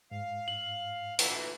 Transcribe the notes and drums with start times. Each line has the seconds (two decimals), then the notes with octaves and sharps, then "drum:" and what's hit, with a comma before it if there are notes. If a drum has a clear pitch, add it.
0.11 G#2 F5
0.48 F#7
1.19 D2 A#2 E3, drum: open hi-hat